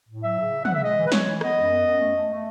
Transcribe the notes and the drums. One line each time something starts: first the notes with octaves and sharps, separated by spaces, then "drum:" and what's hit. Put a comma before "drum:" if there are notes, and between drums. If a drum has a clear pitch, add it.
A2
F#3 E5
C#3
F#3
C#3 F#5, drum: tom
E5
G#3 D#5
E3
B4
G#3 C#5, drum: snare
E3
B3 D#5, drum: rim click
F#2
B3
F#2
A3
A3
A3